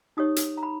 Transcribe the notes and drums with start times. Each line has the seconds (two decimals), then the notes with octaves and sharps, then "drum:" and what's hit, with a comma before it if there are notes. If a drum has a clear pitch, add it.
0.17 D#4 G4 C#5 D#6
0.36 drum: hi-hat
0.57 A#5
0.63 B5